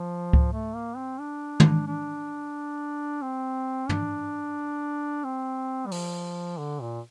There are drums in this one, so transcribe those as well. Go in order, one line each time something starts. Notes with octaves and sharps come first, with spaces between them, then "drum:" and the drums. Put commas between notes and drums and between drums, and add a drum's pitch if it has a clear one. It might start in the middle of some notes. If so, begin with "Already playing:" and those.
Already playing: F3
drum: kick C#2
A3
A#3
C4
D4
drum: tom
D4
C4
D4, drum: tom
C4
G3
F3, drum: open hi-hat
D3
A#2